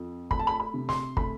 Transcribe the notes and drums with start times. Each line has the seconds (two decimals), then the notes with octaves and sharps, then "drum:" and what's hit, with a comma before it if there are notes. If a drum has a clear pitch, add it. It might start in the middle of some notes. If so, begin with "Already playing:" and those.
Already playing: F2
0.31 A3 B5, drum: kick
0.39 A5
0.47 B5
0.60 B5
0.74 C3
0.89 C6, drum: snare
1.17 A3 B5, drum: kick